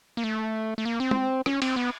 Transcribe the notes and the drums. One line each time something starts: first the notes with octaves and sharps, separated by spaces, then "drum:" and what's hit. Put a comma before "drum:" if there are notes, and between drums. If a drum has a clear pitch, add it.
A#3
A3
A3
A#3
C4
drum: tom
C#4, drum: rim click
C4, drum: cymbal
B3